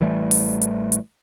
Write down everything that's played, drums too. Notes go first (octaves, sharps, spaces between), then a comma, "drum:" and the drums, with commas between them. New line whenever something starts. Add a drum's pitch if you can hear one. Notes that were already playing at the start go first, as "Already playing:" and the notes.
A1 E3 G3 A3
drum: open hi-hat
drum: hi-hat
drum: hi-hat